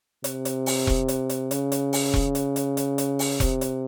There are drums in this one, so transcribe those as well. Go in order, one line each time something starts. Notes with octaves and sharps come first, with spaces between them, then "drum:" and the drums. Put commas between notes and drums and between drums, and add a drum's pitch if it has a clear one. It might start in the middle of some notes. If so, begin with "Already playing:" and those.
C3, drum: hi-hat
drum: hi-hat
drum: open hi-hat
drum: kick E1
drum: hi-hat
drum: hi-hat
C#3, drum: hi-hat
drum: hi-hat
drum: open hi-hat
drum: kick E1
drum: hi-hat
drum: hi-hat
drum: hi-hat
drum: hi-hat
drum: open hi-hat
C3, drum: kick E1, hi-hat
drum: hi-hat